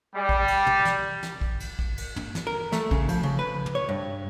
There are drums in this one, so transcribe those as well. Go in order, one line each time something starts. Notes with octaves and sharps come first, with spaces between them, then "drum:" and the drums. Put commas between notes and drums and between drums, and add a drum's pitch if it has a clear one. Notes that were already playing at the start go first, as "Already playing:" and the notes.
G3
drum: kick
drum: cymbal
drum: tom
drum: snare
drum: snare
drum: kick
drum: cymbal
drum: kick
drum: cymbal
drum: tom
drum: snare
A#4
A3, drum: snare
C#3, drum: kick
F3, drum: cymbal
C#3
B4
drum: tom
C#5
G2